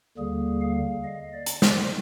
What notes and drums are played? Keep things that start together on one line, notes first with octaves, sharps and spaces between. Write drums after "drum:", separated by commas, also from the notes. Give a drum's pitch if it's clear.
D#2 D3 G3 A#3 G#4
F5
D#5
D5
drum: hi-hat
C5, drum: snare